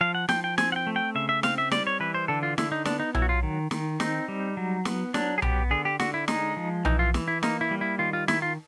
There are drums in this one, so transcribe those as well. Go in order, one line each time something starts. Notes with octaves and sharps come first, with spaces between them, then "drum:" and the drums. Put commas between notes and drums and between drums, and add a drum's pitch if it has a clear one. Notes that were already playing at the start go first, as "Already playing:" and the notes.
F3 F5
F#5
F3 G5, drum: snare
G5
C4 G#5, drum: snare
F#5
G5
A3
G5
C#3 E5
E5
C4 F5, drum: snare
E5
G3 D5, drum: snare
C#5
E3 B4
C5
D3 A4
F4
D3 E4, drum: snare
D#4
B3 D4, drum: snare
D#4
F#3 E4, drum: tom B1
F#4
F4
D#3
D#3, drum: snare
C4 D#4, drum: snare
G3
F#3
B3, drum: snare
F#3 D4, drum: snare
G#4
B3 G4, drum: tom B1
D3 G#4
G4
D3 F#4, drum: snare
E4
G#3 D#4, drum: snare
F3
E3 D#4, drum: tom B1
F4
E3, drum: snare
E4
A#3 D#4, drum: snare
E4
G3
E4
D#3 F4
F4
D#3 E4, drum: snare
F4